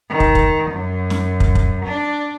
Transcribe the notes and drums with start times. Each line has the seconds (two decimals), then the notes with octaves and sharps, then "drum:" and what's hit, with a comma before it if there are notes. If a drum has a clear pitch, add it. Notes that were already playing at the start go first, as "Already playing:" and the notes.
0.11 D#3
0.20 drum: kick
0.35 drum: kick
0.71 F#2
1.10 drum: snare
1.40 drum: kick
1.55 drum: kick
1.85 D4